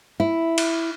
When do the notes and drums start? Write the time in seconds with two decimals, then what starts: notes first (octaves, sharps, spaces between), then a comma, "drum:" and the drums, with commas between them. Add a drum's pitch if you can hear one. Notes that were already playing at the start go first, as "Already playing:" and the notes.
0.20 E4
0.58 drum: cymbal